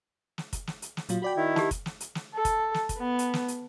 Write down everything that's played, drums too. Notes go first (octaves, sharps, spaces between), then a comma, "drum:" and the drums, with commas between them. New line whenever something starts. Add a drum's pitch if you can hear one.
drum: snare
drum: kick, hi-hat
drum: snare
drum: hi-hat
drum: snare
A#2 F#3 F4, drum: hi-hat
F#4 D5 G5 B5
D#3 E4
D#4 G4, drum: snare
drum: kick, hi-hat
drum: snare
drum: hi-hat
drum: snare
A4
drum: kick, hi-hat
drum: snare
drum: kick, hi-hat
B3
drum: hi-hat
drum: snare
drum: hi-hat